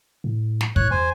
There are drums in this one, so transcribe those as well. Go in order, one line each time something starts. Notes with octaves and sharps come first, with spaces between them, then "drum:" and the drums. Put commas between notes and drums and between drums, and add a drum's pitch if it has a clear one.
A2
drum: snare
A2 C#5 F#6, drum: kick
E2 C5 G#5